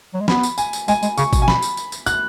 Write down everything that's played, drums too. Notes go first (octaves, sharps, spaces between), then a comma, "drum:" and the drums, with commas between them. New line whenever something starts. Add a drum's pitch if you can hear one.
F#3
G#3
B3 B5, drum: snare
drum: tambourine
G#5, drum: tambourine
drum: tambourine
G#3 G#5, drum: tambourine
G#3, drum: tambourine
C#3 C#6, drum: tambourine
B2, drum: kick G#1, tambourine
G#5
B5, drum: snare
drum: tambourine
drum: tambourine
drum: tambourine
F#6, drum: tambourine